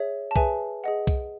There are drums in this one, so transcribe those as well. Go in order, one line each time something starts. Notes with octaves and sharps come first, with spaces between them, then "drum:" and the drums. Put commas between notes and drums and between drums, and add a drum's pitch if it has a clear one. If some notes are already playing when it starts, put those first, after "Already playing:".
Already playing: G#4 C#5 E5
A5
G#4 B4 E5 G#5, drum: kick B1
G#4 D#5 F#5
drum: kick B1, tambourine